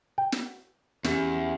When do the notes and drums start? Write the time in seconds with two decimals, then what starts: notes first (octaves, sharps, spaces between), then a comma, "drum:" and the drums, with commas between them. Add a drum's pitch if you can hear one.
0.18 G5
0.32 drum: snare
1.04 E2 C#4 G4, drum: snare